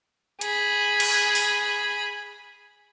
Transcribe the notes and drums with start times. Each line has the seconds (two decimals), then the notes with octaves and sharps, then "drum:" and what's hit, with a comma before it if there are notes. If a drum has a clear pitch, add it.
0.41 G#4 B5, drum: hi-hat
1.00 drum: cymbal
1.35 drum: open hi-hat